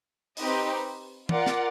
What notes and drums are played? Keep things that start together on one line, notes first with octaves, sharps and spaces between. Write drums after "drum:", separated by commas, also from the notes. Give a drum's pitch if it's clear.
C4 D#4 G4 B4 D#5, drum: open hi-hat
F4 A#4 D5 F#5, drum: tom
drum: snare